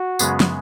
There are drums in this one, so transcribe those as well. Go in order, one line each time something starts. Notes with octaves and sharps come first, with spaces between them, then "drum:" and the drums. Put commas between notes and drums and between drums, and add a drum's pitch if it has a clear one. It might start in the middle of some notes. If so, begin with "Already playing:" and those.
Already playing: F#4
F#2 C#3 G#3 B3 G#4, drum: tambourine
drum: snare